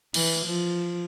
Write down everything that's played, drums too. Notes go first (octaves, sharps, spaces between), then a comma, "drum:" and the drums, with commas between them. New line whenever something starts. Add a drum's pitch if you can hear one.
E3, drum: cymbal
F3